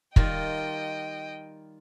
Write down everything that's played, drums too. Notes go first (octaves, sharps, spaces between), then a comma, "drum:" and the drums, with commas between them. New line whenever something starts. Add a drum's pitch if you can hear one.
D#3 G3 F4 D#5 G5, drum: kick